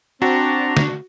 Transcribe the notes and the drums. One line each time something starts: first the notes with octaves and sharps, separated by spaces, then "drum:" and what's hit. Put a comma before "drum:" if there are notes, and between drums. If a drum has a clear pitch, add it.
C4 D4 F#4 A#5
drum: snare